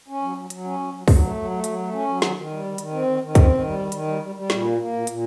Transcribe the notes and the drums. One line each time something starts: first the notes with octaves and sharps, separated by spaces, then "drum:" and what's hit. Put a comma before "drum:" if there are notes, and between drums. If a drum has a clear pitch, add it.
C#4
F#3
F#3
F#3, drum: hi-hat
C#4
F#3
F#3
F#3, drum: kick, open hi-hat
A3
F#3
A3
F#3, drum: hi-hat
A3
C#4
F#3
D#3, drum: snare
D#3
G3
D#3
D#3, drum: hi-hat
C4
D#3
D#3
C4, drum: kick, hi-hat
D#3
G3
D#3
D#3, drum: hi-hat
G3
G3
G3
A#2, drum: snare
A#3
A#3
A#2
A#2, drum: hi-hat